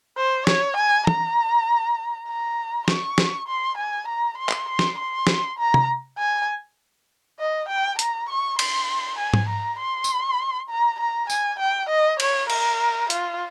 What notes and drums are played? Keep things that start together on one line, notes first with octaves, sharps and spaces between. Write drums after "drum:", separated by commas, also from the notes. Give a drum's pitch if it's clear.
C5
C#5, drum: snare
G#5
A#5, drum: tom
A#5
C#6, drum: snare
drum: snare
C6
G#5
A#5
C6
drum: clap
C6
drum: snare
C6
drum: snare
A#5
drum: tom
G#5
D#5
G5
A#5, drum: hi-hat
C#6
C6, drum: cymbal
G#5
drum: tom G#2
A#5
C6
drum: tambourine
A#5
A#5
G#5, drum: tambourine
G5
D#5
C#5, drum: cymbal
A#4, drum: cymbal
F4, drum: hi-hat